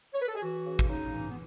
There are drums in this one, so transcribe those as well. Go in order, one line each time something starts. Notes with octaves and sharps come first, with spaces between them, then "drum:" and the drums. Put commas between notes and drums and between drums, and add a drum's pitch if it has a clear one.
C#5
B4
A4
G#4
E3 F#4
C#3
drum: kick G#1
C#3 D#4
E3
B3